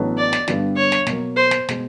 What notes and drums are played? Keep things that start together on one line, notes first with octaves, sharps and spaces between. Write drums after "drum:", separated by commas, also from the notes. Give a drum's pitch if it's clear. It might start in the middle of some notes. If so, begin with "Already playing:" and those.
Already playing: A1 A2 F#3 B3 D4
D5
drum: snare
G2 D3 G3 B3, drum: snare
C#5
drum: snare
B2 F#3 A#3, drum: snare
C5
drum: snare
B2 G#3, drum: snare